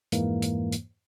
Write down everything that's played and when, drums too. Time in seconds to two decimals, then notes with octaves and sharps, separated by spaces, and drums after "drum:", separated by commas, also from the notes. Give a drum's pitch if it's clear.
0.12 F2 G#2 E3 G#3 A#3, drum: hi-hat
0.42 drum: hi-hat
0.72 drum: hi-hat